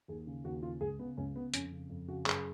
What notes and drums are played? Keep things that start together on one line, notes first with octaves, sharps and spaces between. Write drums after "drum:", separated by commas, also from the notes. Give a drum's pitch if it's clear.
D#2 G#4
C#3
D#2 F#4
C#3 F4
C#2 G#4
C#3 B3
C#2 C#4
C#3 B3
F2 C#4, drum: hi-hat
C#3
F2
C#3 F#4
F#2 G#4, drum: clap